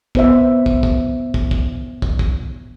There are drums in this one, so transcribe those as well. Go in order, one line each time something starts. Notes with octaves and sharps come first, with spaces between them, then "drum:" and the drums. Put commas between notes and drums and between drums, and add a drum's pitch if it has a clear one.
B3 C5 E5, drum: kick
drum: kick
drum: kick
drum: kick
drum: kick
drum: kick
drum: kick